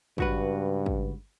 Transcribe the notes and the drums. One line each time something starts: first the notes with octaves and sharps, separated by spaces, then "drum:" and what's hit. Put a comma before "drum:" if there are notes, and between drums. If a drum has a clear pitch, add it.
C#2 G2 F#4 B4, drum: kick
drum: kick